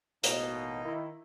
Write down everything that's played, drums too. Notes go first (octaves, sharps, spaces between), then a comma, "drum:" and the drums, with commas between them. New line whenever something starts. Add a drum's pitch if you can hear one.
A1 B2 A#3 D#4 D#5, drum: hi-hat
D#3 E4